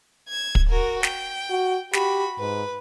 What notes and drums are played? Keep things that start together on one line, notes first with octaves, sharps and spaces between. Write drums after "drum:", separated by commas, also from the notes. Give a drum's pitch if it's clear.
G#6 E7
drum: kick
F#4 A#4
G5, drum: snare
F#4
F#4 G4 B5, drum: snare
G#2 B4